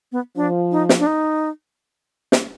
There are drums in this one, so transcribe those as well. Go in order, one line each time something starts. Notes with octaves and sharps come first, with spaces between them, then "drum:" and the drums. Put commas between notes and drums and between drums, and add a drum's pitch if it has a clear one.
B3
F3 D4
D#4
drum: snare
D4
D#4
drum: snare